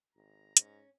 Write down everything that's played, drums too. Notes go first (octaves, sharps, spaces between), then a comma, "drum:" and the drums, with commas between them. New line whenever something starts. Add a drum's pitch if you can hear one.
G#1 A#5
G#2 C#4, drum: hi-hat